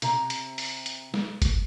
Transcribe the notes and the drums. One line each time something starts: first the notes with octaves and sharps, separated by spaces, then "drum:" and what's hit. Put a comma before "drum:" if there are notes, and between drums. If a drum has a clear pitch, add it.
C3 A#5, drum: hi-hat
drum: hi-hat
drum: open hi-hat
drum: hi-hat
drum: snare
drum: kick G1, hi-hat